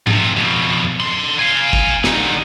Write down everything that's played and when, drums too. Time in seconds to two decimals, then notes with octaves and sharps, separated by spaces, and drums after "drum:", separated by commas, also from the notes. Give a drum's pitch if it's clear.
0.07 F2 C3, drum: tom G#2
0.37 F2 B2
1.00 D3 C6
1.39 F5 G#5
1.73 drum: kick
2.04 D3 D#4, drum: snare